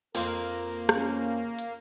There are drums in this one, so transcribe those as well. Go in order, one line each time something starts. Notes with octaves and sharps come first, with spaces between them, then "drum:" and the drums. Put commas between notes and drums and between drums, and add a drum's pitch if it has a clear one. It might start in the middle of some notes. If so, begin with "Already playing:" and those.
F2 A#3 C4 A#4, drum: hi-hat
C#4, drum: rim click
drum: hi-hat